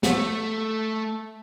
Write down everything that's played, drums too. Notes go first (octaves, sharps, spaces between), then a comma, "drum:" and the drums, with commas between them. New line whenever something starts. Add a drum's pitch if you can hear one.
A3, drum: snare